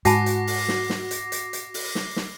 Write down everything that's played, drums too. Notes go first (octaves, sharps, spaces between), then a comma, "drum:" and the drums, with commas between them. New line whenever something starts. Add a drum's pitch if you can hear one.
G#2 F#4 G#5 A5 B5 D6 A#6 C7, drum: hi-hat
drum: hi-hat
drum: open hi-hat
drum: snare
drum: snare
drum: hi-hat
drum: hi-hat
drum: hi-hat
drum: open hi-hat
drum: snare
drum: snare